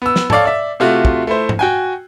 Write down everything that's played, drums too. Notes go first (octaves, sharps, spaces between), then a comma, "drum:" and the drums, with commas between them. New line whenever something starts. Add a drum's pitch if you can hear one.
B3 E6
drum: snare
A4 C#5 D5 F5, drum: tom G#2
D5 E5
C3 A3 F4 F#4
drum: kick
A3 E4 C5
drum: tom G#2
F#4 G5 G#5